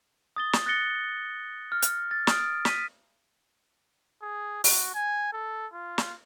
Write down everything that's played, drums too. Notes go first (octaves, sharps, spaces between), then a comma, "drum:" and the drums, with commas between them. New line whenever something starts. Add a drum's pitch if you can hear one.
D#6 A6 G7
drum: snare
F#6 A6 A#6 C#7 G7
F6
drum: hi-hat
A6
D#6 F6 D7, drum: snare
B6 D#7, drum: snare
G#4
F#4, drum: open hi-hat
G#5
A4
F4
drum: snare